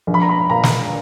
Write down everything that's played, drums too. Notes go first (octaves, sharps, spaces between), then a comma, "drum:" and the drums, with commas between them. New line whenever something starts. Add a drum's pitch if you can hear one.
A#1
B5
A#5
B5
A#2 A#5
drum: snare